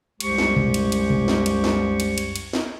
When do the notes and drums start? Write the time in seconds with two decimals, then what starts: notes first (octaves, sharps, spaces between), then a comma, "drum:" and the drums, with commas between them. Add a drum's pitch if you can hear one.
0.20 C2 F#2 G#3 G4 C5 C#6, drum: cymbal
0.38 drum: snare
0.56 drum: tom A#2
0.74 drum: cymbal
0.92 drum: cymbal
1.10 drum: tom B2
1.28 drum: snare
1.46 drum: cymbal
1.64 drum: snare
2.00 drum: cymbal
2.18 drum: cymbal
2.36 drum: cymbal
2.53 drum: snare